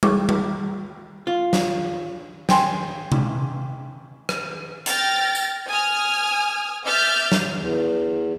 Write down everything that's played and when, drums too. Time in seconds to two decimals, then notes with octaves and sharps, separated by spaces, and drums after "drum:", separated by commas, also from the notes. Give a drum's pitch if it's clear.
0.03 G#4 C#5 C#6 D6, drum: tom G3
0.29 drum: tom G3
1.27 F4
1.53 drum: snare
2.49 G5 G#5 C6, drum: snare
3.12 drum: tom C3
4.29 drum: rim click
4.86 G5 F6 A6 A#6, drum: hi-hat
5.35 drum: tambourine
5.68 G#5 D#6 F6
6.85 E5 D6 F6 G6 A6
7.32 drum: snare
7.57 E2